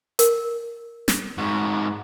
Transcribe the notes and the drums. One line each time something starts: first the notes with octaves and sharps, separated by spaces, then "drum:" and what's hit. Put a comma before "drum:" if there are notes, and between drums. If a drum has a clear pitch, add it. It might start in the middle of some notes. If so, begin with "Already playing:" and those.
A#4, drum: hi-hat
drum: snare
G#2 F#4